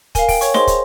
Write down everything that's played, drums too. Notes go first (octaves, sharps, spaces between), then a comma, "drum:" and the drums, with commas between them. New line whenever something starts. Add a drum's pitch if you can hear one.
A#4 F5 G#5, drum: kick, hi-hat
G5, drum: kick, open hi-hat
C#5 C#6, drum: hi-hat
G#4 C5 D#5 C6, drum: snare D#4
drum: kick, hi-hat